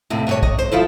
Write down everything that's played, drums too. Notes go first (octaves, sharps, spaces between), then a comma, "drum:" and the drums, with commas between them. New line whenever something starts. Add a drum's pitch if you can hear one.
D#2 A2 C3
G2 C3 C#5
D#5, drum: kick
C5
D#3 F3 E4 F4 A4